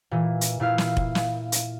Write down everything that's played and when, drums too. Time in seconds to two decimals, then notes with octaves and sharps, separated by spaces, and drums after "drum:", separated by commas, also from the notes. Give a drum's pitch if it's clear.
0.11 A#2 E3
0.41 drum: hi-hat
0.60 A#2 E4 F5 F6
0.78 drum: snare
0.97 drum: kick F1
1.15 drum: snare
1.52 drum: hi-hat